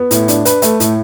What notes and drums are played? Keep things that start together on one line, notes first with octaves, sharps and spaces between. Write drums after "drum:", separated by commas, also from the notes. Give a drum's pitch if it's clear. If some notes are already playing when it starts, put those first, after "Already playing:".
Already playing: B3
A2, drum: hi-hat
D4, drum: hi-hat
B4, drum: hi-hat
A3, drum: hi-hat
A2, drum: hi-hat